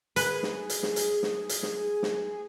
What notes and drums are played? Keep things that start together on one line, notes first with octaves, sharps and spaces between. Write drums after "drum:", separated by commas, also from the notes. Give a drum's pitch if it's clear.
G#4 B4, drum: hi-hat
drum: snare
drum: hi-hat
drum: snare
drum: hi-hat
drum: snare
drum: hi-hat
drum: snare
drum: snare